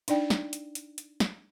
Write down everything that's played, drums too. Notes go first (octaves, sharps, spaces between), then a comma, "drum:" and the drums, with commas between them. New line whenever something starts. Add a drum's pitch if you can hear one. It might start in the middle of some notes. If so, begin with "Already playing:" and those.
D4 D#4 D5 G5, drum: hi-hat
drum: snare
drum: hi-hat
drum: hi-hat
drum: hi-hat
drum: snare